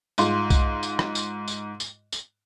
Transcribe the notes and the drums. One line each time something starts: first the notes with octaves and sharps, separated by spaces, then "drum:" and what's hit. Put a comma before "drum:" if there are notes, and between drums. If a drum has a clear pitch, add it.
G#2 F4 C6, drum: tambourine
drum: kick B1, tambourine
drum: tambourine
drum: rim click
drum: tambourine
drum: tambourine
drum: tambourine
drum: tambourine